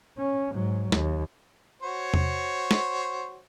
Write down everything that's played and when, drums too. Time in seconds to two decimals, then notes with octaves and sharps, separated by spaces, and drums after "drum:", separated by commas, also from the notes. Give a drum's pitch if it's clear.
0.18 C#4
0.52 G#2 F#3
0.92 D#2, drum: snare
1.83 F#4 C5 C#5
2.14 drum: tom E2
2.71 drum: snare